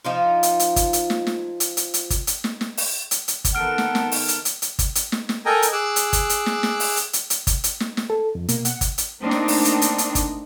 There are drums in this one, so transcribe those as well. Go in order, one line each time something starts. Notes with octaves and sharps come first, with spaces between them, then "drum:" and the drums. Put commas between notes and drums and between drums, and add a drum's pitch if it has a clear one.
F3 D#4 F4
drum: hi-hat
drum: hi-hat
drum: kick G1, hi-hat
drum: hi-hat
drum: snare
drum: snare
drum: hi-hat
drum: hi-hat
drum: hi-hat
drum: kick G1, hi-hat
drum: hi-hat
drum: snare
drum: snare
drum: open hi-hat
drum: hi-hat
drum: hi-hat
drum: kick G1, hi-hat
D#3 B3 A4 F#5 F6 D7
drum: snare
drum: snare
drum: open hi-hat
drum: hi-hat
drum: hi-hat
drum: hi-hat
drum: kick G1, hi-hat
drum: hi-hat
drum: snare
drum: snare
A4 A#4 D#5 G5 G#5 A#5
drum: hi-hat
G#4 D6 E6 F#6
drum: hi-hat
drum: kick G1, hi-hat
drum: hi-hat
drum: snare
drum: snare
drum: open hi-hat
drum: hi-hat
drum: hi-hat
drum: hi-hat
drum: kick G1, hi-hat
drum: hi-hat
drum: snare
drum: snare
A4
F2
B2 A#3, drum: hi-hat
F#5, drum: hi-hat
drum: kick G1, hi-hat
drum: hi-hat
A3 A#3 C4 D4 D#4
drum: snare
drum: open hi-hat
drum: hi-hat
drum: hi-hat
drum: hi-hat
drum: kick G1, hi-hat